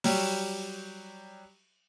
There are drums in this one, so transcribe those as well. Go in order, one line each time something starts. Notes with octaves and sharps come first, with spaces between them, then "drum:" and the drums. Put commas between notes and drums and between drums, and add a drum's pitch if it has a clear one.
F#3 G3 G4, drum: open hi-hat